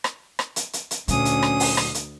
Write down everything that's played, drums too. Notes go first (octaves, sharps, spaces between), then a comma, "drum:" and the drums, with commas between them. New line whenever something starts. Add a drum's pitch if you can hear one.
drum: rim click
drum: rim click
drum: hi-hat
drum: hi-hat
drum: hi-hat
D2 A#2 F#3 C#4 D#6, drum: hi-hat
drum: hi-hat
drum: rim click
drum: open hi-hat
drum: rim click
drum: hi-hat